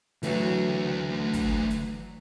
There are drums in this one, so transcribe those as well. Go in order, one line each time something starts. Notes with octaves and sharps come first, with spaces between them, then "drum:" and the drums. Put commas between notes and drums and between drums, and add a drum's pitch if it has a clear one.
D2 E3 F#3 A3, drum: hi-hat
drum: kick, hi-hat
drum: hi-hat